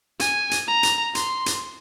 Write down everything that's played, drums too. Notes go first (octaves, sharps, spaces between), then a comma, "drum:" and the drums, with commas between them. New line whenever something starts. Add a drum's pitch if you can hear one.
G#5, drum: hi-hat
drum: hi-hat
A#5
drum: hi-hat
C6, drum: hi-hat
drum: hi-hat